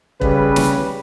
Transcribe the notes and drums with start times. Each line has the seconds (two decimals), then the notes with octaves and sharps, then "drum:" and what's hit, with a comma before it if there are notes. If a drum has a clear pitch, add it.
0.21 C#3 G3 B4, drum: kick E1
0.56 drum: snare